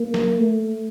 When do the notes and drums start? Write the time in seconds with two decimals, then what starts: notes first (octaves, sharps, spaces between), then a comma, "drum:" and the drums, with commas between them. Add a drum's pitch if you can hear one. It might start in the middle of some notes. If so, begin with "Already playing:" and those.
Already playing: A#3
0.14 drum: snare
0.39 A3